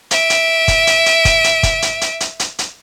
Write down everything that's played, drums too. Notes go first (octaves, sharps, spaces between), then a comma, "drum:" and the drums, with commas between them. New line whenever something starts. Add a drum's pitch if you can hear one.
E5 D7, drum: hi-hat
drum: hi-hat
drum: kick, hi-hat
drum: hi-hat
drum: hi-hat
drum: kick, hi-hat
drum: hi-hat
drum: kick, hi-hat
drum: hi-hat
drum: hi-hat
drum: hi-hat
drum: hi-hat
drum: hi-hat